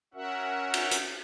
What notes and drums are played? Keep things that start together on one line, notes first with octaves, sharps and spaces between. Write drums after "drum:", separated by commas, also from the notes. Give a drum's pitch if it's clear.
C#4 F#4 A#4 E5 F#5
drum: cymbal
drum: hi-hat